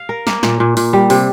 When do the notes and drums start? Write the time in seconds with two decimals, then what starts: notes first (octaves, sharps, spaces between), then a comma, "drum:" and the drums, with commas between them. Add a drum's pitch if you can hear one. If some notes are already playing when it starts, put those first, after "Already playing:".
Already playing: F5
0.09 A#4
0.27 A#3, drum: snare
0.43 A#2, drum: snare
0.60 A#2
0.77 A#2, drum: open hi-hat
0.93 G3
1.10 C3, drum: open hi-hat